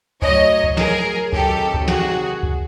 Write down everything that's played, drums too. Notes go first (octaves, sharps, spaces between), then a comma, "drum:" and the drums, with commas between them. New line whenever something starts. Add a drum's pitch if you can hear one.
A2 F#3 C#5 D#5, drum: kick
drum: kick
G#4 A#4, drum: snare
C3 D#3 F#3 G4 A4, drum: kick
drum: kick
F#4 G#4, drum: snare
drum: kick